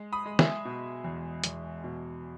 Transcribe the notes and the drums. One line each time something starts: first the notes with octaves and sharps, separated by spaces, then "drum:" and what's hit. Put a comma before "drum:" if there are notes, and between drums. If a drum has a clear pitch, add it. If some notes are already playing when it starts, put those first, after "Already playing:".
Already playing: G#3
B5 D#6
G#3
E5 G#5, drum: snare
B2
E2
E2, drum: hi-hat
B2